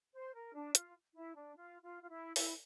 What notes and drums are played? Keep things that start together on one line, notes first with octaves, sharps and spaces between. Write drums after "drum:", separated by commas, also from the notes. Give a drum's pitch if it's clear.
C5
A#4
D4
F4, drum: hi-hat
E4
D4
F4
F4
F4
E4
E4, drum: open hi-hat